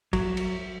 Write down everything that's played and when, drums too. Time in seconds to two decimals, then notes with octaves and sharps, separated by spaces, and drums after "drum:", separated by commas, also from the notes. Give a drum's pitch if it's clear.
0.13 F#3, drum: kick, cymbal
0.37 drum: cymbal